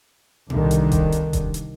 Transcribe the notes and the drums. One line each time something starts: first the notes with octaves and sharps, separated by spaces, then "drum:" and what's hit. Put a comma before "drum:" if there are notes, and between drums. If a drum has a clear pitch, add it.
C2 D3 D#3, drum: tom A#2
drum: hi-hat
drum: kick E1, hi-hat
drum: hi-hat
drum: kick E1, hi-hat
drum: hi-hat